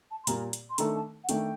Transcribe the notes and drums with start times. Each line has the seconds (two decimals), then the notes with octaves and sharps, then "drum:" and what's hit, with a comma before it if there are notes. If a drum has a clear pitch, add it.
0.11 A5
0.24 C6
0.27 A#2 G3 A#3 A#5, drum: hi-hat
0.53 drum: hi-hat
0.70 C6
0.78 D#3 A3 D4 A4 A#5, drum: hi-hat
0.95 A5
1.24 F#5
1.29 D#3 A3 D4 A4 G5, drum: hi-hat